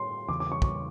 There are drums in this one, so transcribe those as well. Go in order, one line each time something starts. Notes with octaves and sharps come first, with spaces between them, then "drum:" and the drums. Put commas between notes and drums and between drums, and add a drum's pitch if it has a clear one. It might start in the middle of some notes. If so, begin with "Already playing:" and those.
Already playing: A2 C6
E2 C#3 E3 D6
D6
C#6
C#6, drum: kick